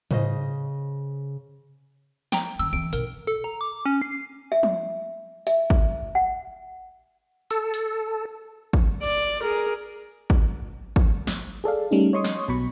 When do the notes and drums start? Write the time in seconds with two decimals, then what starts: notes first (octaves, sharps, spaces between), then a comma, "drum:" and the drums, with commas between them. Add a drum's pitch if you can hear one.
0.11 C#3 C5 D#5, drum: tom G#2
2.32 G5 A#5, drum: snare
2.59 D#3 C#4 E6
2.73 E3 C4 D7
2.93 B1 A#4, drum: hi-hat
3.27 A4
3.44 A#5
3.61 D6
3.86 C#4
4.02 C7
4.52 E5
4.63 drum: tom F3
5.47 E5, drum: hi-hat
5.70 drum: kick
6.15 F#5
7.51 A4, drum: hi-hat
7.74 drum: hi-hat
8.73 drum: kick
9.03 D5, drum: cymbal
9.43 G#4 A#4
10.30 drum: kick
10.96 drum: kick
11.27 drum: snare
11.64 G#4 A4 D5 F5
11.91 G3 A3 C#4 D#4
12.13 C#5 D#5 C6 C#6 D#6
12.24 drum: snare
12.48 B1 B2 B5 C#6